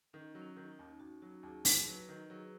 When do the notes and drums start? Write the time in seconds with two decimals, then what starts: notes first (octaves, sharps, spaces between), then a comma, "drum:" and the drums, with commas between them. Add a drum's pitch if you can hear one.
0.13 D#3 C#4
0.35 F#3
0.42 C#4
0.56 D#3
0.72 D#4
0.79 D#2
1.00 D#2 F#4
1.22 F#3 F#4
1.43 D#2 G#4
1.65 D#2 G#4, drum: open hi-hat
1.86 F#3 B4
2.09 D#3
2.30 F#3 G#4